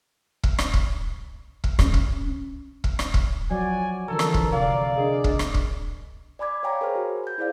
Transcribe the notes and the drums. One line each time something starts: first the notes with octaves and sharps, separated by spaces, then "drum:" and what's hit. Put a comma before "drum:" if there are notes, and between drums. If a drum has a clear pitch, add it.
drum: kick
drum: rim click
drum: kick
drum: kick
C#4, drum: rim click
drum: kick
drum: kick
drum: rim click
drum: kick
F3 F#3 F#4 D5 G#5
D3 E3 F3 A4 A#4 A#5
drum: rim click
drum: kick
C3 A#4 D5 F5 A#5
D4 G#4 D#5
drum: kick
drum: rim click
drum: kick
D5 G#5 B5 D6 G#6
C#5 F5 G5 G#5 A#5 B5
G#4 A#4 C5 G#5 F6
F#4
B5 G6
E4 G#4 C5 D5 F5